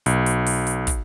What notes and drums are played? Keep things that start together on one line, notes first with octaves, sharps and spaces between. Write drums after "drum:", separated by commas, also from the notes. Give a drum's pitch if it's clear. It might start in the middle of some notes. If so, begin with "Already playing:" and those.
B1, drum: hi-hat
drum: hi-hat
drum: open hi-hat
drum: hi-hat
drum: kick, hi-hat